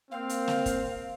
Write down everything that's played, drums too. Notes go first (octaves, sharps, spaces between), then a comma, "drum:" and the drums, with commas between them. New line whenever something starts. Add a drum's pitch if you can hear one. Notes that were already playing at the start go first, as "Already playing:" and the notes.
A#3 C4 F5
drum: hi-hat
drum: snare
drum: kick, hi-hat